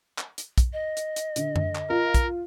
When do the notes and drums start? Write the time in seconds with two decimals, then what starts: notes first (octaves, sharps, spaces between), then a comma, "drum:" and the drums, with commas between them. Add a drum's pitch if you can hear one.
0.18 drum: clap
0.38 drum: hi-hat
0.58 drum: kick, hi-hat
0.73 D#5
0.97 drum: hi-hat
1.16 drum: hi-hat
1.36 D3, drum: hi-hat
1.56 drum: tom F#2
1.75 drum: clap
1.90 F4 A#4
2.14 drum: kick, hi-hat